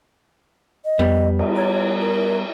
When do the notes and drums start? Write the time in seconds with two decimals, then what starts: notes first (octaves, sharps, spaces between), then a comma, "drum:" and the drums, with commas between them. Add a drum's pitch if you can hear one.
0.85 D#5
0.99 F2 G3 B3
1.39 drum: cymbal
1.56 C#5 A#5 G#6 A6
2.00 A#4